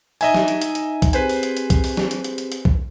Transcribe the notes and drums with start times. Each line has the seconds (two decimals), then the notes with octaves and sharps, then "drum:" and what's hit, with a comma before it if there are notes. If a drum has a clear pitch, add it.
0.21 D#4 D#5 E5 G#5 A#5, drum: open hi-hat
0.34 drum: snare
0.48 drum: hi-hat
0.62 drum: hi-hat
0.75 drum: hi-hat
1.02 drum: kick B1, hi-hat
1.13 C4 G4 G#4 B4 C5 G#5, drum: hi-hat
1.29 drum: open hi-hat
1.43 drum: hi-hat
1.57 drum: hi-hat
1.70 drum: kick B1, hi-hat
1.84 drum: open hi-hat
1.97 drum: snare
2.11 drum: hi-hat
2.24 drum: hi-hat
2.38 drum: hi-hat
2.52 drum: hi-hat
2.65 drum: kick B1